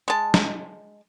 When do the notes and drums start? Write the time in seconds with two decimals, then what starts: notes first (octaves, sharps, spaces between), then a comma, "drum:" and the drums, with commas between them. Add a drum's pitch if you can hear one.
0.08 G#3 A5
0.34 drum: snare